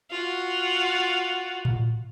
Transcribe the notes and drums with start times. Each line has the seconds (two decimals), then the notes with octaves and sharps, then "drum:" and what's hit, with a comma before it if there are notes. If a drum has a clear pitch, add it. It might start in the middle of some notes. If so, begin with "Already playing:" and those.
0.11 F4 F#4
1.65 drum: tom A2